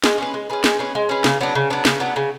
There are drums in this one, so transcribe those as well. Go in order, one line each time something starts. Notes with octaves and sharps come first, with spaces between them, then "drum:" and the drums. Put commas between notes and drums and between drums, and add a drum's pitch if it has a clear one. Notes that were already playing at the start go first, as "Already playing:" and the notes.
G#3, drum: snare
C#4 G#4 B4
G#3
C#4 G#4 B4
G#3, drum: snare
C#4 G#4 B4
G#3
C#4 G#4 B4
C#3, drum: snare
F#3 B3 D4
C#3
F#3 B3 D4
C#3, drum: snare
F#3 B3 D4
C#3